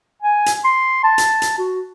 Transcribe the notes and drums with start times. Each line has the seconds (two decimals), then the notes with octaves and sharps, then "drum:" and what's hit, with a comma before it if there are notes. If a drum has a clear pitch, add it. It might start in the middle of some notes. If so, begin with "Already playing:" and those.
0.22 G#5
0.46 drum: hi-hat
0.65 C6
1.04 A5
1.18 drum: hi-hat
1.42 drum: hi-hat
1.59 F#4